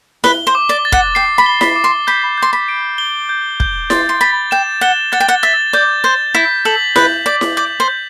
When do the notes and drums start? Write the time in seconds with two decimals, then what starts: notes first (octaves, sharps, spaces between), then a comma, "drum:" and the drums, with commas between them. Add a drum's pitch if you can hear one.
0.24 B4 G7, drum: snare E4
0.47 C5
0.55 D6
0.69 D5
0.85 A6
0.92 F#5, drum: kick
1.15 G5 C7
1.38 B5
1.46 G7
1.61 B5, drum: snare E4
1.76 D6
1.84 C6
2.07 B5 G6
2.38 C6 G6
2.53 B5
2.68 D7
2.98 G7
3.29 G6
3.60 G6, drum: kick
3.90 C6 A6, drum: snare E4
4.09 C6
4.21 B5 A6
4.51 G5 E7
4.81 F#5 G7
5.12 F#5 A6
5.20 G5
5.28 F#5
5.43 E5 A6
5.73 D5 G6
6.04 C5 G6
6.35 E4 B6
6.65 A4 F#7
6.96 B4 G6, drum: snare E4
7.26 D5 G6
7.41 drum: snare E4
7.57 D5 G6
7.80 C5
7.88 G6